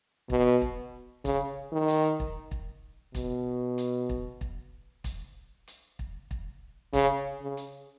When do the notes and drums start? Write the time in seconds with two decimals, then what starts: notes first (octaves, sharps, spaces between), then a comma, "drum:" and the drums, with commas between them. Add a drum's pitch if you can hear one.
0.30 B2, drum: kick
0.62 drum: kick
1.25 C#3, drum: kick, hi-hat
1.73 D#3
1.88 drum: hi-hat
2.20 drum: kick
2.51 drum: kick
3.15 B2, drum: kick, hi-hat
3.78 drum: hi-hat
4.09 drum: kick
4.41 drum: kick
5.04 drum: kick, hi-hat
5.68 drum: hi-hat
5.99 drum: kick
6.31 drum: kick
6.93 C#3, drum: kick, hi-hat
7.42 C#3
7.57 drum: hi-hat